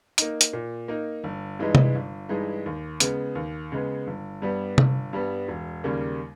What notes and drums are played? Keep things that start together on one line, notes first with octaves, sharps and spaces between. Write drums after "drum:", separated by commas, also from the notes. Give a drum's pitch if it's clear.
A#3 D#4, drum: hi-hat
drum: hi-hat
A#2
A#3 D#4
G1
G2 E3 G#3 D#4
drum: tom C3
G1
G2 E3 G#3 D#4
D#2
C#3 G#3 B3, drum: hi-hat
D#2
C#3 G#3 B3
G1
G2 G3 B3
G1, drum: tom C3
G2 G3 B3
E1
D#2 C#3 G3 A#3